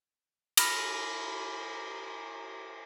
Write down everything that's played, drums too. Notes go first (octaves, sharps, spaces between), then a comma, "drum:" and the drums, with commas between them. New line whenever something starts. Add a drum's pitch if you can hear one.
B5 F6 A#6, drum: cymbal